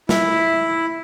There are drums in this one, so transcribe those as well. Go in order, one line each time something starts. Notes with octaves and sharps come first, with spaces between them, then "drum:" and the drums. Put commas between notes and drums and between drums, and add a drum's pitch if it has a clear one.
E4, drum: snare